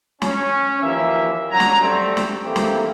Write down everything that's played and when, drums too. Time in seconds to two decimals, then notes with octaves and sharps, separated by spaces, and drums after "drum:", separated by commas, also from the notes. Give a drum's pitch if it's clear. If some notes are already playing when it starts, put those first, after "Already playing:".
0.22 C#4, drum: snare
0.82 D#2 E3 F3 A#3 E5
1.51 G1 F#3 C#4 D4 G#5 A#5
1.60 drum: snare
1.82 G3 A3 C4
2.17 drum: snare
2.44 E3 A3 A#3 C4 G4
2.56 drum: snare